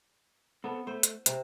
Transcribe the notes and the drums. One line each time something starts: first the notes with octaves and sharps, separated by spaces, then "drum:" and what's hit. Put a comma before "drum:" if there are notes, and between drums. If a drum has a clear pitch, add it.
B3 C4 A4
A3 C5
drum: hi-hat
C3 C5, drum: hi-hat